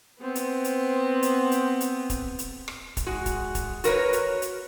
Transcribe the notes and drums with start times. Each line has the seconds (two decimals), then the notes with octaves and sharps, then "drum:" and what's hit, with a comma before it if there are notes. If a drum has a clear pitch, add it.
0.20 B3 C4
0.35 drum: hi-hat
0.64 drum: hi-hat
1.23 drum: hi-hat
1.52 drum: hi-hat
1.81 drum: hi-hat
2.10 drum: kick, hi-hat
2.39 drum: hi-hat
2.68 drum: rim click
2.97 drum: kick, hi-hat
3.06 G#3 F#4
3.26 drum: kick, hi-hat
3.55 drum: kick, hi-hat
3.84 F#4 A#4 B4 C#5, drum: hi-hat
4.13 drum: hi-hat
4.42 drum: hi-hat